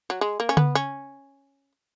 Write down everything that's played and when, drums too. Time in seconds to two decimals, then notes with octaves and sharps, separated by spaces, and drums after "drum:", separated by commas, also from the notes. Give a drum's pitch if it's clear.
0.10 F#3
0.21 G#3
0.40 A#3
0.49 C#4
0.57 B3, drum: tom C#3
0.75 C#4